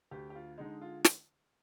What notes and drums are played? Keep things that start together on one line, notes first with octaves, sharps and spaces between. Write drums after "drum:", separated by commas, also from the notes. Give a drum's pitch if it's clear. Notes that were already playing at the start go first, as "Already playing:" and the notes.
D2 G4
G4
F4
D3 G#3 D#4
F4
drum: snare